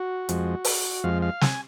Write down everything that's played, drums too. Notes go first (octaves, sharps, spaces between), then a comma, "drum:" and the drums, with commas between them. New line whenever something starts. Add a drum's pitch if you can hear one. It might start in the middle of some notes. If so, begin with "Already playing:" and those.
Already playing: F#4
F2 F3 G#3, drum: hi-hat
drum: open hi-hat
F2 F3 G#3 F5
F5
G#5, drum: snare